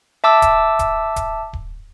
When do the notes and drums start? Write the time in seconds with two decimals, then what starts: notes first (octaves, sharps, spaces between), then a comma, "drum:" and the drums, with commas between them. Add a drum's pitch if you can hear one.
0.24 E5 A5 D6 E6
0.42 drum: kick D1, hi-hat
0.79 drum: kick D1, hi-hat
1.16 drum: kick D1, hi-hat
1.53 drum: kick D1